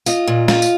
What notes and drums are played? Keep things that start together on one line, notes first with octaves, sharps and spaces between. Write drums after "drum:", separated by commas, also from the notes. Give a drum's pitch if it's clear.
F4 D#5, drum: tambourine
A#2
F4, drum: snare
drum: tambourine